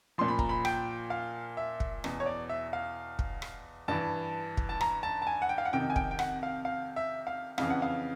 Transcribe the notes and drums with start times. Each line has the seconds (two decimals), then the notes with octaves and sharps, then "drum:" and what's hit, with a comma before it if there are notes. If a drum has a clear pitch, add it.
0.18 A#2 F3 C6
0.28 B5
0.39 A#5, drum: kick
0.49 B5
0.65 G5, drum: rim click
1.10 F5
1.57 E5
1.80 drum: kick
2.04 E2 B2, drum: rim click
2.20 C#5
2.26 D5
2.49 E5
2.73 F5
3.19 drum: kick
3.42 drum: rim click
3.88 G2 E3 A5
4.57 drum: kick
4.69 A5
4.81 A#5, drum: rim click
5.03 A5
5.22 A5
5.27 G#5
5.42 F#5
5.49 G5
5.58 F5
5.65 F#5
5.73 F2 C3 D#3 G5
5.90 G#5
5.96 G5, drum: kick
6.11 G5
6.19 F#5, drum: rim click
6.43 F5
6.65 F5
6.96 E5
7.27 F5
7.58 F2 C#3 E3 F5, drum: rim click
7.70 F#5
7.82 F5